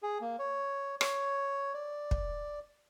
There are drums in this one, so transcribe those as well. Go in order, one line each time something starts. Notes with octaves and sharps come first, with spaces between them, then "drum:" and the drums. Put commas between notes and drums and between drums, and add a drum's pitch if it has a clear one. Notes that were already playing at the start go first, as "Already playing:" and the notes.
G#4
A#3
C#5
C#5, drum: rim click
D5
drum: kick